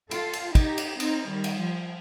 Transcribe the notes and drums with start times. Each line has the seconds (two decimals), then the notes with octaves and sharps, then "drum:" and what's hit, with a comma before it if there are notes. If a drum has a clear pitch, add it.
0.11 F4 A4, drum: cymbal
0.33 drum: cymbal
0.55 D#4 G4, drum: kick, cymbal
0.78 drum: cymbal
1.00 C4 D#4, drum: cymbal
1.29 D#3 G3
1.44 drum: cymbal
1.59 F3